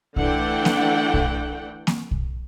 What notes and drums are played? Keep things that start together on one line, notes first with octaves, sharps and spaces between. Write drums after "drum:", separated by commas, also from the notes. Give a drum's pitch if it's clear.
D3 E3 A3 D4 F#5 G5, drum: kick
drum: snare A#3
drum: kick
drum: snare A#3
drum: kick